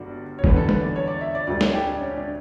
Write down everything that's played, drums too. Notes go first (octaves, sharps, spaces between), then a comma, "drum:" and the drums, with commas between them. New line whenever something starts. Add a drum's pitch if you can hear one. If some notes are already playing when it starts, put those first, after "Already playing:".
Already playing: G1 G2 D3 D4 F#4
C#5
E2 D3 G3 B4, drum: kick G1
A4
B4, drum: tom G3
D5
C#5
D5
E5
D5
D2 D3 G3 D5
C#5, drum: snare
G4
D4
C#4
D4